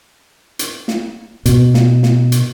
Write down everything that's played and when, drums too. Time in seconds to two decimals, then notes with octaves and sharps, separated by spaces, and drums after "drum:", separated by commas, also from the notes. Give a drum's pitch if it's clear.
0.59 drum: hi-hat
0.88 drum: snare
1.46 B2, drum: hi-hat
1.74 drum: snare
2.03 drum: snare
2.32 drum: hi-hat